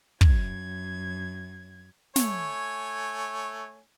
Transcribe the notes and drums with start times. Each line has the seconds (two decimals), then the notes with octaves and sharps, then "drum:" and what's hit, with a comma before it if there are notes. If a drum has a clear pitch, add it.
0.21 F#2 G#6, drum: kick
2.16 A3 C#5 G#5, drum: snare